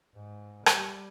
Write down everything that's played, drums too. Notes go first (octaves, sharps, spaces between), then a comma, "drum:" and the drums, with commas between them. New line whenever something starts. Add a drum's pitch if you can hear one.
G#2
G3, drum: rim click